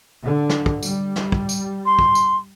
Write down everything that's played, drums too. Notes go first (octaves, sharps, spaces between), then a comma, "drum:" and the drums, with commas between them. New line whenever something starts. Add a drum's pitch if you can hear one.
D3
drum: snare
drum: kick
G3, drum: tambourine
drum: snare
drum: kick
drum: tambourine
C6
drum: kick
drum: tambourine